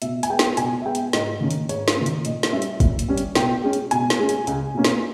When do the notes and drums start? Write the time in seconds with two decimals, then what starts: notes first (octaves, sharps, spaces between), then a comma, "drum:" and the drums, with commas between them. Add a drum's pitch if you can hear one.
0.02 B2 E5, drum: hi-hat
0.23 G#5, drum: hi-hat
0.30 G#3 B3 G5
0.39 drum: snare
0.57 B2 G#5, drum: hi-hat
0.82 E5
0.85 G#3 B3 G5
0.95 drum: hi-hat
1.13 G#2 D#5, drum: snare
1.41 D#3 A#3 C#4
1.51 drum: hi-hat
1.69 G#2 C#5, drum: hi-hat
1.88 drum: snare
1.97 D#3 A#3 C#4
2.06 drum: hi-hat
2.25 A#2 D#5, drum: hi-hat
2.43 drum: snare
2.52 G3 C#4 E5
2.62 drum: hi-hat
2.80 A#2, drum: kick, hi-hat
2.99 drum: hi-hat
3.08 G3 C#4
3.18 drum: hi-hat
3.35 B2 G5, drum: snare
3.64 G#3 C#4
3.73 drum: hi-hat
3.91 B2 G#5, drum: hi-hat
4.10 drum: snare
4.19 G#3 C#4
4.29 drum: hi-hat
4.47 C#2, drum: hi-hat
4.75 B2 A#3 C#4
4.84 drum: snare